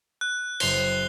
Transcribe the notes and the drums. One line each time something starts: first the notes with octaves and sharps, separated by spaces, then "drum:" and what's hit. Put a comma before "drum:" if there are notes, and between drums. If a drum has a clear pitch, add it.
F#6
F#1 C5 C7 F7 G7, drum: cymbal